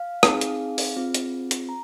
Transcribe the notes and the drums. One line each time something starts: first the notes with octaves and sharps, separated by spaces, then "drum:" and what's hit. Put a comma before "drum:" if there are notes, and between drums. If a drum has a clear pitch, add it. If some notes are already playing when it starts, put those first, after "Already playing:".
Already playing: F5
C4 D#4 G#4, drum: rim click
drum: hi-hat
drum: open hi-hat
C4 F4 G#4
drum: hi-hat
drum: hi-hat
A#5